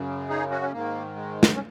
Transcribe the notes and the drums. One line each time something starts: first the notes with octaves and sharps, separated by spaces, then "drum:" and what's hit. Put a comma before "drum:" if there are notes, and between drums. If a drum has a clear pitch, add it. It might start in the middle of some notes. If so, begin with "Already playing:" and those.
Already playing: F#2 C#3
D#4 G#4
C#4 F#4
C#4
G#2 D#3 A#3
G#3
drum: snare
C#4